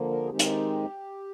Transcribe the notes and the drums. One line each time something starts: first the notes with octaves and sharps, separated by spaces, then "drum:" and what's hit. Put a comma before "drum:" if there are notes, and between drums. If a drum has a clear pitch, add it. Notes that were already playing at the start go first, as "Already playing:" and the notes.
Already playing: D3 F3 A#3
A#4
G#4
D#3 G#3 C4 D#4 G4
drum: hi-hat